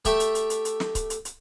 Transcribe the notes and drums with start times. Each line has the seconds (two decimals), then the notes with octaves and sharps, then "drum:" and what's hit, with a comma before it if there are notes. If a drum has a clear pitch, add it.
0.05 A3 G4 E5 A5, drum: kick C#1, hi-hat
0.20 drum: hi-hat
0.35 drum: hi-hat
0.50 drum: hi-hat
0.65 drum: hi-hat
0.80 drum: snare
0.95 drum: kick C#1, hi-hat
1.10 drum: hi-hat
1.25 drum: hi-hat